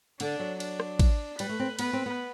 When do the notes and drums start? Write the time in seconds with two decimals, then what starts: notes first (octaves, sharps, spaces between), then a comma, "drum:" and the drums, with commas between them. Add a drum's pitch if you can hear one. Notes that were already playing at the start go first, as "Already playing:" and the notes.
0.20 D3 D4, drum: cymbal
0.40 F#3
0.60 D4, drum: cymbal
0.80 drum: rim click
0.99 drum: kick, cymbal
1.39 G3 B4, drum: cymbal
1.49 A3
1.60 C4
1.79 B3 B4, drum: cymbal
1.93 C4
2.06 B3